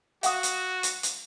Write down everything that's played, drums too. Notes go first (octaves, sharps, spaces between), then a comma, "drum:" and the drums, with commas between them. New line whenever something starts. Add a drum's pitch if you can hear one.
F#4 F5 F#5 D#6, drum: hi-hat
drum: hi-hat
drum: hi-hat
drum: hi-hat